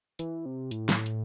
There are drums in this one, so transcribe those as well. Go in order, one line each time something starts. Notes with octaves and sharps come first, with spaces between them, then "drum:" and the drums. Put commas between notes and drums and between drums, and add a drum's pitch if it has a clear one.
E3, drum: hi-hat
C3
A2, drum: hi-hat
drum: snare
drum: hi-hat